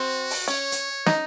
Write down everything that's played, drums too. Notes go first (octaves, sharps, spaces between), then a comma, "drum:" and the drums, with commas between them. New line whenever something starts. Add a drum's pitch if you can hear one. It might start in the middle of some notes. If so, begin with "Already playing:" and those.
Already playing: C4 F#4
drum: open hi-hat
C#4 C#5
drum: hi-hat
D#4, drum: snare